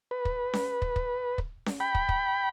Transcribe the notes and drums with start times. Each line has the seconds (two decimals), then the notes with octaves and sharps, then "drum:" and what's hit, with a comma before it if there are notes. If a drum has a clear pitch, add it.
0.11 B4
0.25 drum: kick
0.53 drum: snare C#4
0.82 drum: kick
0.96 drum: kick
1.38 drum: kick
1.66 drum: snare C#4
1.80 G5 B5
1.95 drum: kick
2.09 drum: kick